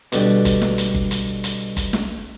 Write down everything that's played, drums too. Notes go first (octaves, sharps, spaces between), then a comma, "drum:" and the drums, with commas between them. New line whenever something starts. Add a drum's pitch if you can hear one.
B2 D3 G3, drum: hi-hat
drum: kick G1, hi-hat
drum: snare
drum: hi-hat
drum: kick G1
drum: hi-hat
drum: hi-hat
drum: kick G1, hi-hat
drum: snare